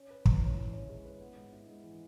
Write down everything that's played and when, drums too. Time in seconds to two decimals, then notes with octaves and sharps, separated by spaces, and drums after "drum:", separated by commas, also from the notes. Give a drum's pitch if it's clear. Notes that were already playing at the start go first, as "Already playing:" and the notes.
Already playing: C#4
0.10 B4
0.25 E4, drum: kick
0.42 C#4
0.57 E4
0.73 C#4
0.90 G#3
1.05 B4
1.21 B3
1.37 G#2
1.53 E4
1.68 G#2
1.84 E3